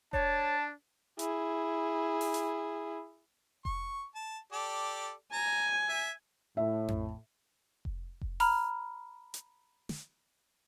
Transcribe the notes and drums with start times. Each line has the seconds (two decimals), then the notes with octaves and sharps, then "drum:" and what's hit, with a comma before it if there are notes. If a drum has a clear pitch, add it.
0.13 D4 C#5 A5, drum: kick F1
1.19 E4 G#4, drum: hi-hat
2.21 drum: open hi-hat
2.34 drum: hi-hat
3.65 C#6, drum: kick F1
4.15 A5
4.52 G4 A4 D5
5.33 G#5 A#5
5.89 E5
6.57 A2 E5
6.88 drum: tom F2
7.85 drum: kick F1
8.21 drum: kick F1
8.40 A#5 B5 F6, drum: open hi-hat
9.34 drum: hi-hat
9.89 drum: snare